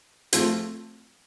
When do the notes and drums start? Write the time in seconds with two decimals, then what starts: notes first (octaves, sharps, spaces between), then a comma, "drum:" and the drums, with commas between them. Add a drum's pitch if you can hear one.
0.33 F3 A3 C4 F4, drum: hi-hat